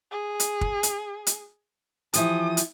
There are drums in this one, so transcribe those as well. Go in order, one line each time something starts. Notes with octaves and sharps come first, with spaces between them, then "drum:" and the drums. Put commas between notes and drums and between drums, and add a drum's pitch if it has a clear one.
G#4
drum: hi-hat
drum: kick
drum: hi-hat
drum: hi-hat
E3 F3 G4 D#6, drum: hi-hat
drum: hi-hat